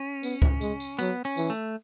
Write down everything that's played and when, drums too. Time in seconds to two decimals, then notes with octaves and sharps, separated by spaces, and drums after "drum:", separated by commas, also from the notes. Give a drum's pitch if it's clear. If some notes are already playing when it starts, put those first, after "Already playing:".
Already playing: C#4
0.23 B3, drum: tambourine
0.42 drum: kick C#2
0.61 G#3, drum: tambourine
0.80 drum: tambourine
0.99 F#3 B3, drum: tambourine
1.25 C#4
1.37 E3, drum: tambourine
1.50 A3